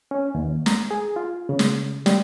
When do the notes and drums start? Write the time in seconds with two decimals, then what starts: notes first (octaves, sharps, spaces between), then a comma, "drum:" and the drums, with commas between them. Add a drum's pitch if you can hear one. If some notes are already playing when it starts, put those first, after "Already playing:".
0.11 C#4
0.35 D#2
0.66 A#5, drum: snare
0.91 G#4
1.16 F4
1.49 C#3
1.59 drum: snare
2.06 G3, drum: snare